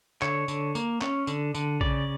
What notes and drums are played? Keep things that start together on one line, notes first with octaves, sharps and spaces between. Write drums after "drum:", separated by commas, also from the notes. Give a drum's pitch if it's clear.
D3 C#5, drum: clap
D3, drum: tambourine
A#3, drum: tambourine
C#4, drum: clap
D3, drum: tambourine
D3, drum: tambourine
C#3 D5, drum: kick A#1